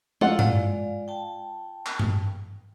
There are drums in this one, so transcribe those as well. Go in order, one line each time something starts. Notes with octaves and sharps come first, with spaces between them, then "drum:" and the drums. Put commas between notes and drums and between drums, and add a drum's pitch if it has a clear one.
E4 F4 F#5, drum: tom
G#3 D5 F5, drum: tom G2
G5 A5
drum: clap
drum: tom G2